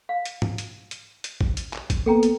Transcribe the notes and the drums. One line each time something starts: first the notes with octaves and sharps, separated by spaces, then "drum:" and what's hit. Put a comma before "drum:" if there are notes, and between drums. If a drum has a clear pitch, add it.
F5
drum: hi-hat
drum: tom G#2
drum: hi-hat
drum: hi-hat
drum: hi-hat
drum: kick G#1
drum: hi-hat
drum: clap
drum: kick G#1, hi-hat
A#3 B3 A4 G5 A#5
drum: hi-hat